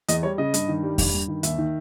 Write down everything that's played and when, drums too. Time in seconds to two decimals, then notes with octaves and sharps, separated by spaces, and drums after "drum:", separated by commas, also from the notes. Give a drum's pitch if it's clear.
0.08 E2 D#5, drum: hi-hat
0.23 G3 C#5
0.38 C#3 D#5
0.54 G2, drum: hi-hat
0.68 D#3
0.83 G3
0.98 G2, drum: kick E2, open hi-hat
1.14 G2
1.28 D#3
1.43 D#2 E5, drum: hi-hat
1.58 D#3